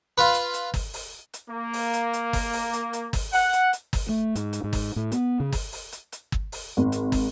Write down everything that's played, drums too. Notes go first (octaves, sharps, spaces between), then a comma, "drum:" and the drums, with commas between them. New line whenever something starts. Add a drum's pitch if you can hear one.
F4 B4
drum: hi-hat
drum: hi-hat
drum: kick, open hi-hat
drum: open hi-hat
drum: hi-hat
A#3
drum: open hi-hat
drum: hi-hat
drum: hi-hat
drum: kick, open hi-hat
drum: open hi-hat
drum: hi-hat
drum: hi-hat
drum: kick, open hi-hat
F#5, drum: open hi-hat
drum: hi-hat
drum: hi-hat
drum: kick, open hi-hat
A3
G#2, drum: hi-hat
drum: hi-hat
G#2
drum: kick, open hi-hat
A2
B3, drum: hi-hat
C#3
drum: kick, open hi-hat
drum: open hi-hat
drum: hi-hat
drum: hi-hat
drum: kick
drum: open hi-hat
G#1
drum: hi-hat
drum: kick, open hi-hat